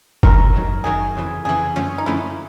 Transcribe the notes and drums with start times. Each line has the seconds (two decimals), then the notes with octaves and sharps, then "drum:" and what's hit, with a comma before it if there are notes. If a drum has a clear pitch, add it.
0.23 C#2 B2 F#3 A3 A#4, drum: kick F#1
0.53 F#2 D#3 F#3
0.84 F#2 D#3 F#3 G#4
1.16 F2 C#3 E3
1.45 F2 C#3 E3 G#4
1.76 F#2 D3 F3 A3 C#4
1.98 D#4
2.06 F#2 D3 F3 A3 C#4 E4